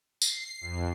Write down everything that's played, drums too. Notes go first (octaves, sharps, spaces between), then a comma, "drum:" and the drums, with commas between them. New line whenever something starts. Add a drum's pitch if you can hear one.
C7, drum: tambourine
F2